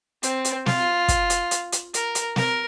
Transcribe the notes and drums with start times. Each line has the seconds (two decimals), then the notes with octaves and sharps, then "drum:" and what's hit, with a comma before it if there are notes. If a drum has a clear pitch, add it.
0.23 C4, drum: hi-hat
0.45 drum: hi-hat
0.66 F4, drum: snare
1.08 drum: kick, hi-hat
1.30 drum: hi-hat
1.51 drum: hi-hat
1.72 drum: hi-hat
1.94 A#4, drum: hi-hat
2.15 drum: hi-hat
2.36 A#4, drum: snare